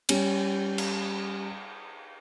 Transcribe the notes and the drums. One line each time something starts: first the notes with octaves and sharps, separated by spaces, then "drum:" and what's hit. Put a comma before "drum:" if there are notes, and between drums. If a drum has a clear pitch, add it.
G3 C#4, drum: cymbal
drum: cymbal